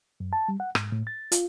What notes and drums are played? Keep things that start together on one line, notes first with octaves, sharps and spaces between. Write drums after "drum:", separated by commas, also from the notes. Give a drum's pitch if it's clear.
F#2
A5
G3
F#5
G#2, drum: rim click
A2
A6
F4, drum: hi-hat